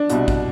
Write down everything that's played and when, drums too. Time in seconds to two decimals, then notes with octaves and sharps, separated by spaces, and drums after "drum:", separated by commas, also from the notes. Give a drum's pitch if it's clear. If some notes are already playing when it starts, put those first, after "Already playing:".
Already playing: D4
0.10 C2 B2, drum: hi-hat
0.28 drum: kick